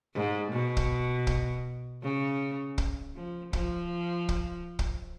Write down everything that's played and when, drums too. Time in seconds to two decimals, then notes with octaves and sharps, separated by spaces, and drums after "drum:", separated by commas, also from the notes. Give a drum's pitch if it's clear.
0.14 G#2
0.51 B2
0.77 drum: kick
1.27 drum: kick
2.02 C#3
2.78 drum: kick
3.15 F3
3.53 F3, drum: kick
4.29 drum: kick
4.79 drum: kick